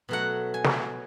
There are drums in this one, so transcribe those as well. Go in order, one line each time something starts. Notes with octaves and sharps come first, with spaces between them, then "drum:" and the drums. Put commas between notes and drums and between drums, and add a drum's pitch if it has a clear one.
B2 F#3 A3 F#5
G#5
drum: snare